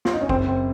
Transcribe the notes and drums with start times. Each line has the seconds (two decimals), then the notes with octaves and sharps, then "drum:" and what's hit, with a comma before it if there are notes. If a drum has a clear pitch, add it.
0.05 F4, drum: snare
0.14 D#4
0.21 C#4
0.29 F#1 C4, drum: kick
0.48 C4